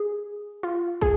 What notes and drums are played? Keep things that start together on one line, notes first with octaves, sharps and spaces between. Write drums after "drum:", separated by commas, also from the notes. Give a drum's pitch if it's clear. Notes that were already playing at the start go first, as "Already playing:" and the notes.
Already playing: G#4
F4
G#4, drum: kick